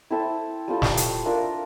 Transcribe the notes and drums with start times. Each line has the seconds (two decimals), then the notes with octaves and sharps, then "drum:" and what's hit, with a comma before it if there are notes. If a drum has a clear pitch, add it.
0.10 C4 E4 A4 E5
0.68 G3 C4 F4 A4
0.82 drum: snare
0.97 drum: hi-hat
1.26 D4 F4 A#4 E5